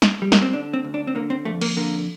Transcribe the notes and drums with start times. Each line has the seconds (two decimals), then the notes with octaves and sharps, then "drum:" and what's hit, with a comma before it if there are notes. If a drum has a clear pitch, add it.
0.02 drum: snare
0.22 G3
0.32 A#3, drum: snare
0.42 C4
0.53 D3 D4
0.73 C4
0.84 D2
0.94 D4
1.07 C4
1.15 D3 A#3
1.30 C4
1.45 F2 A3
1.61 A#3, drum: cymbal
1.77 D3 A#3